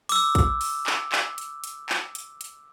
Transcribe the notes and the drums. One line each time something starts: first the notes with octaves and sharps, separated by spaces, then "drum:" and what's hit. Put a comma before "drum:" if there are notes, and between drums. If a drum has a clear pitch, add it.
D6 E6, drum: open hi-hat
drum: kick, hi-hat
drum: open hi-hat
drum: clap
drum: clap
drum: hi-hat
drum: hi-hat
drum: clap
drum: hi-hat
drum: hi-hat